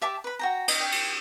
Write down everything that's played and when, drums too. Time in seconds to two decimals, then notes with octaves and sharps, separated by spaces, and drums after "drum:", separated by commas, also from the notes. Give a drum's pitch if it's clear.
0.01 G4 E5 A5 D6
0.24 B4 B5
0.39 F#4 G5 A#5
0.68 D#5, drum: cymbal
0.80 G5
0.92 drum: cymbal